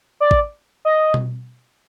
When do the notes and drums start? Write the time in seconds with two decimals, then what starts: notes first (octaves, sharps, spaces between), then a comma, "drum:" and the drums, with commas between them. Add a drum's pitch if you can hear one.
0.20 D5
0.31 drum: kick
0.85 D#5
1.14 drum: tom B2